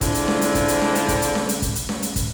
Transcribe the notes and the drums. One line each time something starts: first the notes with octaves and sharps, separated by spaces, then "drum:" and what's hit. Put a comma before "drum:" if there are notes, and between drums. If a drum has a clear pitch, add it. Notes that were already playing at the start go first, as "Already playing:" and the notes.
D3 G#3 C4 D4 E4 F4, drum: kick, hi-hat
drum: hi-hat
drum: snare C#4
drum: hi-hat
drum: kick, hi-hat
drum: hi-hat
drum: snare C#4
drum: hi-hat
drum: kick, hi-hat
drum: hi-hat
drum: snare C#4
drum: hi-hat
drum: kick, hi-hat
drum: hi-hat
drum: snare C#4
drum: hi-hat
drum: kick, hi-hat